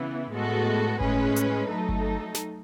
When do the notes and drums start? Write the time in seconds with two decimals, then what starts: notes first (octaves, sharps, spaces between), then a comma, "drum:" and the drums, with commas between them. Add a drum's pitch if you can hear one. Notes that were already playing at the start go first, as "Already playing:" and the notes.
Already playing: C#3 E3 B3 E4
0.32 A2 G#3 B3 F#4 A4
1.00 A2 G#3 C#4 G#4 B4, drum: kick G1
1.36 drum: hi-hat
1.69 F#3 A3 D#4 A4
1.89 drum: kick G1
2.35 drum: snare